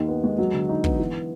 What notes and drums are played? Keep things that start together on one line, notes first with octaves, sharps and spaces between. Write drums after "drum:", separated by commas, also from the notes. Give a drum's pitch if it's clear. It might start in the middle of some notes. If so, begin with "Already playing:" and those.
Already playing: D#2 D#3
B3
G#3
F#3
D3
D#4
B3, drum: kick
E3